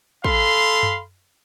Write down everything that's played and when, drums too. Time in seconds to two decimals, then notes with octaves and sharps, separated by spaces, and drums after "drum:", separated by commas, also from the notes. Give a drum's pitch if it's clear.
0.24 A4 F5 B5 C6, drum: kick
0.83 drum: tom F#2